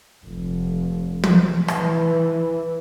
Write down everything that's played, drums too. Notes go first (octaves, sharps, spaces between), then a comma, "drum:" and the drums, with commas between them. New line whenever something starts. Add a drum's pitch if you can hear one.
F1
drum: tom
E3, drum: rim click